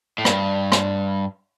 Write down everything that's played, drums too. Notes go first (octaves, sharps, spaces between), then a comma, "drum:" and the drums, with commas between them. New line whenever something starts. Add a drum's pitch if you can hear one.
A2
G2, drum: rim click
drum: rim click